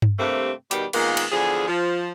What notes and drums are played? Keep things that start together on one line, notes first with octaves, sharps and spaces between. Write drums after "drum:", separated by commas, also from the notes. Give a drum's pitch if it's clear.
drum: tom G2
G2 C3 A3 A#3 C4
B2 D#3 G3 G4, drum: hi-hat
A#2 D#3 G#3 A#3 B3, drum: cymbal
drum: cymbal
E2 D3 F3 G#4
F3